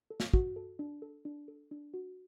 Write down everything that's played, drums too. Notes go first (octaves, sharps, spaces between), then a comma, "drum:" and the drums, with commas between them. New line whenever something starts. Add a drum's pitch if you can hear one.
A4
drum: snare
F#4, drum: kick
A4
D4
A4
D4
A4
D4
F#4